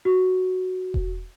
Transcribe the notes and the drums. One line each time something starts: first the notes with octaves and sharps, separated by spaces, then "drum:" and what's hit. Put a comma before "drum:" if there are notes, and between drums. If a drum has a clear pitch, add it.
F#4
drum: kick E1